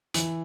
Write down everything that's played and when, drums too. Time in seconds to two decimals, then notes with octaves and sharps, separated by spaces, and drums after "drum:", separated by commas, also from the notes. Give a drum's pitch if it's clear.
0.14 E3, drum: hi-hat